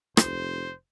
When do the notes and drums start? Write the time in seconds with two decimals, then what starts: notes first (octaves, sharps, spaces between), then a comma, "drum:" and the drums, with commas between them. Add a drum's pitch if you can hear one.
0.17 F1 C5, drum: rim click